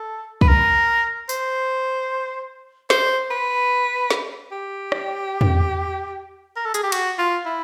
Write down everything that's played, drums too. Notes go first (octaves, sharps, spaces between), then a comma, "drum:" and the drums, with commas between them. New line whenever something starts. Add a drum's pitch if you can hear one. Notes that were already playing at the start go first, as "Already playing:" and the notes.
Already playing: A4
B4, drum: kick
A#4
C5, drum: tambourine
C5, drum: snare
B4
drum: snare
G4
drum: rim click
drum: tom
A#4
A4
G#4, drum: hi-hat
G4
F#4, drum: cymbal
F4
E4